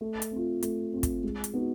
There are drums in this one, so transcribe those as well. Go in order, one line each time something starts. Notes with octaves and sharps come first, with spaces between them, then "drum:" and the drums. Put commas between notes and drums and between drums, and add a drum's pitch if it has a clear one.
A3
drum: hi-hat
C4
F4
A3, drum: hi-hat
C4 F4
drum: kick, hi-hat
G#3
drum: hi-hat
B3 D#4 F#4